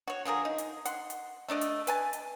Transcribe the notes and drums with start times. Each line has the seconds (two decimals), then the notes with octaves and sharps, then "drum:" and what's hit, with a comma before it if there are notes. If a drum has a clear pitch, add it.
0.08 F#4 C#5
0.25 D3 F3 G#4 A#4
0.45 D#4
0.58 drum: hi-hat
0.85 F#5 C6, drum: hi-hat
1.10 drum: hi-hat
1.49 A3 D4 D5 D#5
1.61 drum: hi-hat
1.87 B4 G#5 A5, drum: hi-hat
2.13 drum: hi-hat